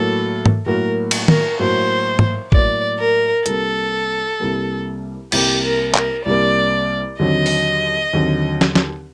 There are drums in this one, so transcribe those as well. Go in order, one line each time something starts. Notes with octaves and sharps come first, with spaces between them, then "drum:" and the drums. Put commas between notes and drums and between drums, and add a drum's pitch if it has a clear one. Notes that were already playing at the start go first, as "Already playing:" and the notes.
Already playing: A2 F#3 A#3 F#4 A4
drum: tom G#2
A2 F#3 A#3 F#4 A#4
drum: cymbal
A#4, drum: tom
A2 F#3 A#3 F#4 C5
drum: tom G#2
A2 F#3 A#3 F#4 D5, drum: kick
A#4
C2 C3 G3 A#3 A4, drum: hi-hat
C2 C3 G3 A#3
C2 C3 G3 A#3 G4, drum: cymbal
A#4
A#4, drum: clap
C2 C3 G3 A#3 D5
D#2 D3 F#3 C4 D#5
drum: open hi-hat
D#2 D3 F#3 C4
drum: snare
drum: snare